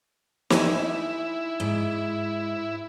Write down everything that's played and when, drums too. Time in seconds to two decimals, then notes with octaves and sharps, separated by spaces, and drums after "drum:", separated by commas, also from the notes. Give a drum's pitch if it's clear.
0.50 D#4 E4 G#5, drum: snare
1.60 G#2